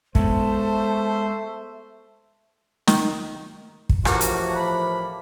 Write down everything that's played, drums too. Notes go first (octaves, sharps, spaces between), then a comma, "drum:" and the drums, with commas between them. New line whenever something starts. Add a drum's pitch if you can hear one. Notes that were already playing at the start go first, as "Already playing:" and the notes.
G#3 A3 B3 C5 A5, drum: kick
D#3, drum: snare
drum: kick
A2 E3 F3 G3 A#3 D4 F#4, drum: rim click
drum: hi-hat
B5